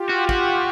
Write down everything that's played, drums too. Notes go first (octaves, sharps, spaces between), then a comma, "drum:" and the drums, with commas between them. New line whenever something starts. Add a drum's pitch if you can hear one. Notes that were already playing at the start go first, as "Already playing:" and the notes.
Already playing: F4 G4
F#4
F#4, drum: kick